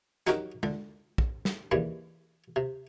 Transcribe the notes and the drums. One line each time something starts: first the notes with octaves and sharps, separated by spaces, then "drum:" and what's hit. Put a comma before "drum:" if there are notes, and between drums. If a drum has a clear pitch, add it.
F#3 C#4 D#4 F#4 G4 A#4, drum: hi-hat
D3, drum: tom
drum: kick
drum: snare
D#2 C#3 E3 G3
C3